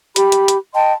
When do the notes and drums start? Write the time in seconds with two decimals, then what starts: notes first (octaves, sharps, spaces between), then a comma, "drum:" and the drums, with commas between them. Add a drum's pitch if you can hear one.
0.16 G4 B5, drum: hi-hat
0.32 drum: hi-hat
0.48 drum: hi-hat
0.73 D#5 G5 A5 C6